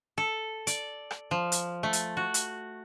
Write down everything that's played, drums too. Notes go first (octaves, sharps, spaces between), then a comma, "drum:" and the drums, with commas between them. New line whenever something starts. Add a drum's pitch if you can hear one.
A4
D5, drum: hi-hat
drum: rim click
F3
drum: hi-hat
A3
drum: hi-hat
F#4
drum: hi-hat